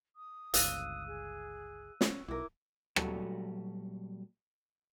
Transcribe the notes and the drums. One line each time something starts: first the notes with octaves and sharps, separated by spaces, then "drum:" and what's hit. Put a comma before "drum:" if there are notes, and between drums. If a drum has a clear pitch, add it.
D#6
G1 C#2 F5 E6 F#6 D#7, drum: hi-hat
G#4
C#4, drum: snare
B1 E4 A#4 D6
A#2 F#3 G3 A3 F#4 A4, drum: rim click